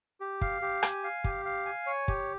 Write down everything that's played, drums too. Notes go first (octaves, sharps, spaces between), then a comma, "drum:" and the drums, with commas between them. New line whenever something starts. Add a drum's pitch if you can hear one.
G4
F5, drum: kick
G4
G#5, drum: rim click
F5
G4, drum: kick
F5
G#5
C#5
G4, drum: kick